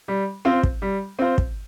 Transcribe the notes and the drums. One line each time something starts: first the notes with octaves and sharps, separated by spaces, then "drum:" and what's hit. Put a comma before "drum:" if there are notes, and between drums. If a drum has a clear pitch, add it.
G3
C4 F4 C5
drum: kick
G3
C4 F4 C5
drum: kick